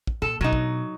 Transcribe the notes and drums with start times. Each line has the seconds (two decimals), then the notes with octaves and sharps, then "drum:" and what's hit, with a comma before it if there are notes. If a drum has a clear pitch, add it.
0.07 drum: kick
0.22 A#2 A4
0.41 B2 F#3 D#4
0.53 drum: kick